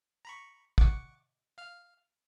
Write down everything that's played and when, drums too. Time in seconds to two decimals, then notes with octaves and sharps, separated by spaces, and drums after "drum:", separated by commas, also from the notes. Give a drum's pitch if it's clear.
0.25 A#5 B5 C#6
0.78 F#5 C#6 D6, drum: kick
1.58 F5 F6